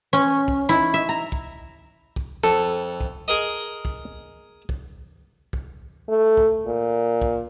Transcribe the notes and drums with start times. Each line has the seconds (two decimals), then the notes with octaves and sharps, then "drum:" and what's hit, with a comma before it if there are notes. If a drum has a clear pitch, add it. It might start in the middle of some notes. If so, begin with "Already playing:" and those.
0.13 C#4
0.48 drum: kick
0.69 E4
0.94 E5
1.09 A#5
1.32 drum: kick
2.16 drum: kick
2.44 F2 A4
3.01 drum: kick
3.28 G#4 A#4 D#5
3.85 drum: kick
4.69 drum: kick
5.53 drum: kick
6.09 A3
6.37 drum: kick
6.67 A#2
7.22 drum: kick